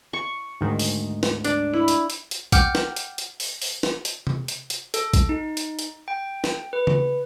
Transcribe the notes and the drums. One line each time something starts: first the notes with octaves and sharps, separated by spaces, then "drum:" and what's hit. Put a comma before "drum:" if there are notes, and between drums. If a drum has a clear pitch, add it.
C#6
D2 G#2 D#3
drum: open hi-hat
drum: snare
D4, drum: hi-hat
E4
drum: hi-hat
drum: hi-hat
drum: hi-hat
F#5 G5 D6 F6 G6, drum: kick A#1, hi-hat
drum: snare
drum: hi-hat
drum: hi-hat
drum: open hi-hat
drum: open hi-hat
drum: snare
drum: hi-hat
drum: tom C3
drum: hi-hat
drum: hi-hat
A4, drum: hi-hat
drum: kick A#1, hi-hat
D#4
drum: hi-hat
drum: hi-hat
G5
drum: snare
B4
drum: tom C#3